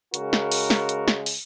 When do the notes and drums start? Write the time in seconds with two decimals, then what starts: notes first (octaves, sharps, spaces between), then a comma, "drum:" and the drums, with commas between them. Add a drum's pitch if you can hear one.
0.14 C#3 G#3 F#4 A#4, drum: hi-hat
0.33 drum: snare
0.52 drum: open hi-hat
0.70 drum: snare
0.89 drum: hi-hat
1.08 drum: snare
1.26 drum: open hi-hat